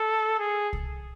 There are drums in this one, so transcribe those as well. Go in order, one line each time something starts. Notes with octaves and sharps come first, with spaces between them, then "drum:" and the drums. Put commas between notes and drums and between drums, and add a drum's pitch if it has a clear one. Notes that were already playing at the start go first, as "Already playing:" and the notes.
Already playing: A4
G#4
drum: kick C2